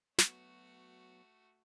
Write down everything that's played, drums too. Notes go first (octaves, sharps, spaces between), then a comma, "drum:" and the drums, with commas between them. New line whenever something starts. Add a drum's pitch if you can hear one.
F#3 A3 B3 F#4, drum: snare